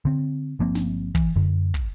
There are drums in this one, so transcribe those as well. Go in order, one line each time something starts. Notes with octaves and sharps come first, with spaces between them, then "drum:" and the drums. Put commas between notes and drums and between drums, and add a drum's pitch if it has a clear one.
D3 C4
G1 F3 A#3 C4
drum: snare
E3, drum: kick
F#2 D3
drum: kick